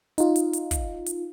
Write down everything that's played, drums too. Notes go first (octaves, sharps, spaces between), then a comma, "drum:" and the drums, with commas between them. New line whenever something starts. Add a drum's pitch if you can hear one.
D#4 F4, drum: hi-hat
drum: hi-hat
drum: hi-hat
drum: kick, hi-hat
drum: hi-hat